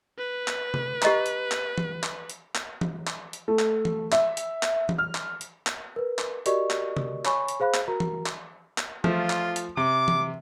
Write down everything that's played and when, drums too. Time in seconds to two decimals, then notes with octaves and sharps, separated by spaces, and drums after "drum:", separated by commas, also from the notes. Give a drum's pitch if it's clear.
0.18 B4
0.48 drum: clap
0.74 drum: tom C3
1.02 G4 D#5 A#5, drum: clap
1.26 drum: hi-hat
1.52 drum: clap
1.78 drum: tom E3
2.04 drum: clap
2.29 drum: hi-hat
2.55 drum: clap
2.81 drum: tom E3
3.07 drum: clap
3.33 drum: hi-hat
3.48 A3
3.59 drum: clap
3.85 drum: tom E3
4.12 E5, drum: clap
4.37 drum: hi-hat
4.63 drum: clap
4.89 drum: tom E3
4.98 F6
5.15 drum: clap
5.41 drum: hi-hat
5.67 drum: clap
5.96 A#4 B4
6.19 drum: clap
6.46 F#4 G4 A#4 D5 D#5 C#6, drum: hi-hat
6.71 drum: clap
6.97 drum: tom C3
7.25 C#5 G#5 B5 C#6, drum: clap
7.48 drum: hi-hat
7.60 G#4 C5 F5 B5 F#6
7.74 drum: clap
7.88 F#4 A#4 A#5
8.00 drum: tom E3
8.26 drum: clap
8.78 drum: clap
9.04 F3 A3 F4, drum: tom E3
9.30 drum: clap
9.56 drum: hi-hat
9.77 C3 D6
10.08 drum: tom E3